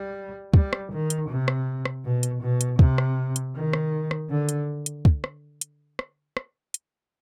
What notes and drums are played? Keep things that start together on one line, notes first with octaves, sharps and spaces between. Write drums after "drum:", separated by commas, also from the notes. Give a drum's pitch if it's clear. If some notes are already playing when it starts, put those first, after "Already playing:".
Already playing: G3
G3, drum: kick
drum: rim click
D#3
drum: hi-hat
C3
drum: rim click
drum: rim click
B2
drum: hi-hat
B2
drum: hi-hat
C3, drum: kick
drum: rim click
drum: hi-hat
D#3
drum: rim click
drum: rim click
D3
drum: hi-hat
drum: hi-hat
drum: kick
drum: rim click
drum: hi-hat
drum: rim click
drum: rim click
drum: hi-hat